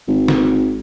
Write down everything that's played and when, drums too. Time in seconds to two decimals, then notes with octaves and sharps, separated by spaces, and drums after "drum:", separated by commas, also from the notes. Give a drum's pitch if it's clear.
0.08 G#1
0.28 drum: snare